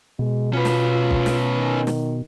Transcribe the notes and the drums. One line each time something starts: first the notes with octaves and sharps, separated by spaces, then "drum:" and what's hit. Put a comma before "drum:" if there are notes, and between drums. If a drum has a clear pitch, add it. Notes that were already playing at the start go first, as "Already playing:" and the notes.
B2 G#3
C#4 F4 B4
drum: snare
drum: kick
drum: snare
D#3
drum: snare